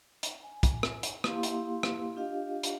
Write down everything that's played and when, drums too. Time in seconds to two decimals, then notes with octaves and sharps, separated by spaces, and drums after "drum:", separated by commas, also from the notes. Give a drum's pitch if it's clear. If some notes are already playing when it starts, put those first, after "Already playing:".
0.23 drum: hi-hat
0.43 G#5
0.63 drum: kick, hi-hat
0.83 drum: rim click
1.03 drum: hi-hat
1.24 A#3 E4 G4 F5 C6, drum: rim click
1.43 drum: hi-hat
1.83 drum: rim click
2.16 D4 F4 G4 D#5 F5
2.63 drum: hi-hat